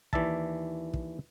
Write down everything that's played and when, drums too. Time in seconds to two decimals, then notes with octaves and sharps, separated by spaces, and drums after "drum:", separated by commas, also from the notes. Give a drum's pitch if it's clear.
0.13 D#2 E3 D5 E5 A5, drum: kick
0.94 drum: kick